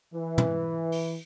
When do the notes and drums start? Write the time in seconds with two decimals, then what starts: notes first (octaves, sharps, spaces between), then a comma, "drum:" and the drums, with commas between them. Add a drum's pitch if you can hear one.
0.14 E3
0.38 drum: tom
0.92 drum: open hi-hat